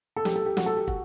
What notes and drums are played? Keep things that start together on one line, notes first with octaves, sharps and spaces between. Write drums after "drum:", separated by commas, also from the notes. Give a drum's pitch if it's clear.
A4
G4, drum: snare
A4
G4
F#4, drum: snare
A4
G4
F#4, drum: kick